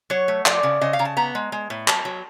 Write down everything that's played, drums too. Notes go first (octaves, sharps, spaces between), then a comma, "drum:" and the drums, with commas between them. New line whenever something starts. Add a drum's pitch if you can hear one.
F#3 C#5
A3
F3 D5, drum: clap
C#3
C#3 D#5
F5
C#3 A#5
A5
B3 A#5
G#3
G#3
A2
F#3 A5, drum: clap
F#3